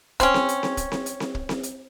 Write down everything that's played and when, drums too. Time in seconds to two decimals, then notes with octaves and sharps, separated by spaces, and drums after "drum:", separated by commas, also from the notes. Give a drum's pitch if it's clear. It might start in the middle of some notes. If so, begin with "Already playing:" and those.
0.20 C4 C#4, drum: kick, hi-hat
0.34 drum: snare C4
0.49 drum: hi-hat
0.63 drum: snare C4
0.77 drum: kick, hi-hat
0.92 drum: snare C4
1.06 drum: hi-hat
1.20 drum: snare C4
1.35 drum: kick
1.49 drum: snare C4
1.63 drum: hi-hat